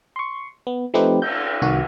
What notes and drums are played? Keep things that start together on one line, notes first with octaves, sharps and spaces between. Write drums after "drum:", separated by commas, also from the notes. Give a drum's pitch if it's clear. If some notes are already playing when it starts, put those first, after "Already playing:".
C6 C#6
B3
F3 A3 C4 D#4 G4 B4
G6, drum: cymbal
C2 D#3 F#4